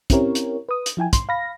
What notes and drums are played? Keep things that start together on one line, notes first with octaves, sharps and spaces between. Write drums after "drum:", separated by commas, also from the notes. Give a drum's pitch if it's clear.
C4 C#4 E4 G4 A#4 C#5, drum: kick, hi-hat
drum: hi-hat
B4 D#6
drum: hi-hat
F3 E4 G5 G#5
C6, drum: kick, hi-hat
F5 B5 A#6